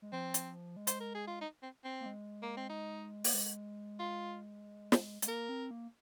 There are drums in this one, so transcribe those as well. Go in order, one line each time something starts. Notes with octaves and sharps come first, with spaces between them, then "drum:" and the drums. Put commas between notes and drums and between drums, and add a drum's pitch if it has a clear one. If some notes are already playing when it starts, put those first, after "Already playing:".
G#3
F3 C4
drum: hi-hat
G#3
C5, drum: hi-hat
A#4
G#4
F4
D#4
C4
C4
A#3
G#3
A#3
C4
D#4
A#3, drum: open hi-hat
G#3
F4
drum: snare
G#3, drum: hi-hat
A#3 A#4
C4
A#3